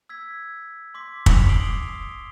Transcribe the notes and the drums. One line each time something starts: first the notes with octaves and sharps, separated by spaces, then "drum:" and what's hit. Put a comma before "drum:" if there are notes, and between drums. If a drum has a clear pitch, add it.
E6 G#6 B6
C6 D6 B6
B6 C#7 F7, drum: kick
D6 D#6 C7 D7 F#7 G7